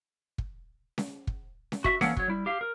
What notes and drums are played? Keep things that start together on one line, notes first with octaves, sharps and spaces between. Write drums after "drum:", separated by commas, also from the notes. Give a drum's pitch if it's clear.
drum: kick
drum: snare C#4
drum: kick
drum: snare C#4
F#4 E5, drum: kick
E3 A#3 C#4 D4 A4 F#5, drum: snare C#4
F#3 C#5, drum: kick
G3 E4
G4 F5
A#4